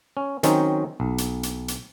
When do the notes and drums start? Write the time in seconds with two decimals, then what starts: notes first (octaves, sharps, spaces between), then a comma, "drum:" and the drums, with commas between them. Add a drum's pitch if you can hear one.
0.17 C#4
0.43 D#3 F#3 C4 C#4 D#4, drum: hi-hat
1.00 B1
1.18 drum: hi-hat
1.43 drum: hi-hat
1.68 drum: hi-hat